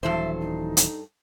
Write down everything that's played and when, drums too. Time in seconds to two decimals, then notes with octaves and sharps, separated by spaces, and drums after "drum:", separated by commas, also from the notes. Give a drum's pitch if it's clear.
0.03 D#1 G2 E3 F#3 A4 C5 E5
0.40 D#4
0.77 drum: hi-hat